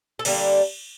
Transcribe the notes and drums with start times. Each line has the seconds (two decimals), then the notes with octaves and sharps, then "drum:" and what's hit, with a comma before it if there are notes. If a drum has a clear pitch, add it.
0.19 A4
0.25 D3 G3 A#3 D4 A#4, drum: cymbal